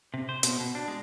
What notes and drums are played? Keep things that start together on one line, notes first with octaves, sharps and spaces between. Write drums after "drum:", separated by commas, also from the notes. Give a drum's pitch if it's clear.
C3
C5
B2, drum: hi-hat
B2
D4
G#3